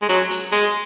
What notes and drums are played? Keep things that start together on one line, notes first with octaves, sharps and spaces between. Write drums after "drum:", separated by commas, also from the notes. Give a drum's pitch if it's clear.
G#3
F#3, drum: hi-hat
drum: hi-hat
G#3, drum: hi-hat